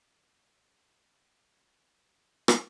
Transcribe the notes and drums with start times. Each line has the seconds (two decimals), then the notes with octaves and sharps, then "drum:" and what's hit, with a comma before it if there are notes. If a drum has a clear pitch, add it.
0.28 D4 F#4 F#5
0.74 C#4 D4 C5 D5
1.73 A4 D5
2.02 G3 C#5 G5 C#6
2.48 drum: rim click